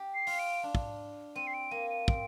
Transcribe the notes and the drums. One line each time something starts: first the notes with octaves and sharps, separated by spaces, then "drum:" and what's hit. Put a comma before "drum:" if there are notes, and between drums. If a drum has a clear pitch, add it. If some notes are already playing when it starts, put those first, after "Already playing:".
Already playing: G4
C7
F4, drum: open hi-hat
D7
D4
drum: kick
C4 D#7
C7
D7
A#3 D#7
D#7
C4 D7, drum: kick